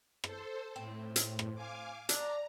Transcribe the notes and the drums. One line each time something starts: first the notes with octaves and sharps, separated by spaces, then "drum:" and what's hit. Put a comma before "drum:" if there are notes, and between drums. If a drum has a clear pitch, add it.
A4 C5, drum: rim click
A2 C4
drum: hi-hat
drum: rim click
F5 G#5 D6
D4 A#5, drum: hi-hat